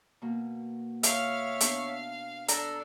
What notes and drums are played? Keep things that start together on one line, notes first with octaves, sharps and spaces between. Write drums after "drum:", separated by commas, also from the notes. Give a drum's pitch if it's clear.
B2 A#3
C#5 E5 F5 F6, drum: hi-hat
B3 D4 F5, drum: hi-hat
D4 A4 D5 A#5, drum: hi-hat